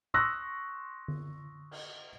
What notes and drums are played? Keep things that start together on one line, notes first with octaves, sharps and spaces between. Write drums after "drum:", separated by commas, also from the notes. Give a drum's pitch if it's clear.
C6 C#6 D#6 E6 F#6 A#6
drum: tom D3
drum: cymbal